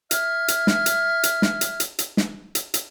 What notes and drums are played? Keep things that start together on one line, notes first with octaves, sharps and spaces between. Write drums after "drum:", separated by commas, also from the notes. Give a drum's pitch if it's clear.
E5 F6 G#6, drum: hi-hat
drum: hi-hat
drum: snare
drum: hi-hat
drum: hi-hat
drum: snare
drum: hi-hat
drum: hi-hat
drum: hi-hat
drum: snare
drum: hi-hat
drum: hi-hat